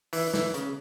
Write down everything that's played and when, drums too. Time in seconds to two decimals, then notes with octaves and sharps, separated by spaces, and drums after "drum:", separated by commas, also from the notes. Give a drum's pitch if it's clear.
0.13 E3, drum: open hi-hat
0.34 E3, drum: snare
0.54 C#3, drum: hi-hat